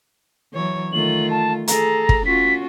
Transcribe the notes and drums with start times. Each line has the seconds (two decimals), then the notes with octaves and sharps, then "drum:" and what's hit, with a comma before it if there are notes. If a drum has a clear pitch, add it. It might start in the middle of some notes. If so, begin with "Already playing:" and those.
0.53 E3 F#3 C#5
0.93 D#3 A3 F4 F#7
1.30 A5
1.68 G#4 A4 A#5, drum: hi-hat
2.09 drum: kick
2.25 C#4 F4 F#4 B6